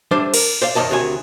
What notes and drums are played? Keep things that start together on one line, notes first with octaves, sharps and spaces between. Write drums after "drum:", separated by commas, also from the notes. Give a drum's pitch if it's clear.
G3 A3 D4 C5
A#4, drum: cymbal
C5 D5 F5
F#2 D#3 F3 D5 D#5 A5
D2 C3 D#3 F#4 B4 G#5